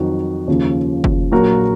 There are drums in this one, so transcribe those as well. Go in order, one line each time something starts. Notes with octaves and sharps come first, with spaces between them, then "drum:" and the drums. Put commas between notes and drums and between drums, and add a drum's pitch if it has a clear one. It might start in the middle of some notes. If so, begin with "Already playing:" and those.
Already playing: F2 D#3 F#3 D#4 F#4
D#2 C#3 F3
drum: kick
A#1 A#2 F#3 F#4 A#4